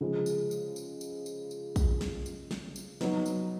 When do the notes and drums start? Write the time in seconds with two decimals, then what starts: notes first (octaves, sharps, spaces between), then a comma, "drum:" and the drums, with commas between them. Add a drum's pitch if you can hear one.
0.01 C#3 F3 G#3
0.26 drum: tambourine
0.51 drum: tambourine
0.76 drum: tambourine
1.01 drum: tambourine
1.26 drum: tambourine
1.51 drum: tambourine
1.76 drum: kick A#1, tambourine
2.01 drum: snare
2.26 drum: tambourine
2.51 drum: snare
2.76 drum: tambourine
3.01 F#3 B3 D#4, drum: snare
3.26 drum: tambourine